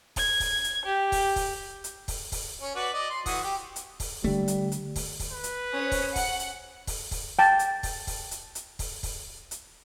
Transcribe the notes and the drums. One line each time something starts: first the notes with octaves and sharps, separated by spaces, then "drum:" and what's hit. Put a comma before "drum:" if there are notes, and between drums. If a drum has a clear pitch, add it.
G#6, drum: kick, open hi-hat
drum: kick, open hi-hat
drum: hi-hat
G4
drum: kick, open hi-hat
drum: kick, open hi-hat
drum: hi-hat
drum: kick, open hi-hat
drum: kick, open hi-hat
C#4
F#4 B4 D5
D5 D#5
C6
E3 F#4 D#6, drum: kick, open hi-hat
G4
drum: hi-hat
drum: kick, open hi-hat
D3 G3 A3, drum: kick
drum: hi-hat
drum: hi-hat
drum: kick, open hi-hat
drum: kick, open hi-hat
B4
drum: hi-hat
C#4 C5 D#6
drum: kick, open hi-hat
F#5, drum: kick, open hi-hat
drum: hi-hat
drum: kick, open hi-hat
drum: kick, open hi-hat
G5 A5
drum: hi-hat
drum: kick, open hi-hat
drum: kick, open hi-hat
drum: hi-hat
drum: hi-hat
drum: kick, open hi-hat
drum: kick, open hi-hat
drum: hi-hat